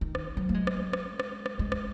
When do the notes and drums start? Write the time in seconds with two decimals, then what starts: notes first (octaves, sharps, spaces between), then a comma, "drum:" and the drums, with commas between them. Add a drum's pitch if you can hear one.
0.01 D#3
0.15 drum: rim click
0.37 F#3
0.49 A#3
0.54 G#3
0.67 drum: rim click
0.93 drum: rim click
1.20 drum: rim click
1.46 drum: rim click
1.59 G#3
1.72 drum: rim click